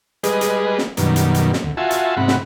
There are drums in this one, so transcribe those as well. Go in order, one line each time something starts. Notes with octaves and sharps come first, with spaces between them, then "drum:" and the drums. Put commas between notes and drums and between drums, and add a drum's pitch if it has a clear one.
G3 G#3 G#4 B4 D#5, drum: hi-hat
drum: hi-hat
drum: snare
F#2 B2 D#3 G3, drum: hi-hat
drum: hi-hat
drum: hi-hat
drum: snare
D2
F4 F#4 E5 G#5 A5
drum: hi-hat
G#2 C3 F#5 B5
drum: snare